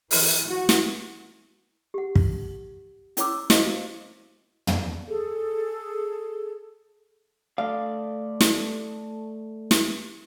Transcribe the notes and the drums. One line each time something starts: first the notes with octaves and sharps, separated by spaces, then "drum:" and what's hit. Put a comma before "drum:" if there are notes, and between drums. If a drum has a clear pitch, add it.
E3, drum: open hi-hat
F#4
drum: snare
G4 F#5
drum: kick
C#4 E4 C#5 A#5 D6 E6, drum: hi-hat
E4 F#4 C5 D#5 F5, drum: snare
drum: tom
G#4 A4
A3 A4 D5 F5
drum: snare
drum: snare